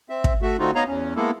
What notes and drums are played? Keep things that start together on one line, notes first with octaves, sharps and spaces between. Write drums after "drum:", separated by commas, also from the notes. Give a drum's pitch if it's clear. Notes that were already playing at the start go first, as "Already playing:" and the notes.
C4 E5
drum: kick
A3 F#4 E5
D3 A3 C4 D#4 F4 F#4
B3 D#4 C#5 D#5 F5 A#5
E2 C#4
G#3 A#3 B3 E4 A4